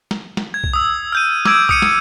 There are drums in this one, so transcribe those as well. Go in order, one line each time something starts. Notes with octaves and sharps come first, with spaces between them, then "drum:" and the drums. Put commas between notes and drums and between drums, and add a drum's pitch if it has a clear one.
drum: snare
drum: snare
G#6
drum: kick B1
D#6 E6
F6 G6 D#7
D6 E6 G#6 D7, drum: snare
D#6 C#7 D#7, drum: kick B1
drum: snare